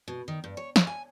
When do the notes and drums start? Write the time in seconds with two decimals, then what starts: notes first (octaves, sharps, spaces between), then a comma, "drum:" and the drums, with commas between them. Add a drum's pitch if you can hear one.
0.08 B2
0.28 D#3
0.44 G2
0.57 C#5
0.76 C#5, drum: snare
0.87 G#5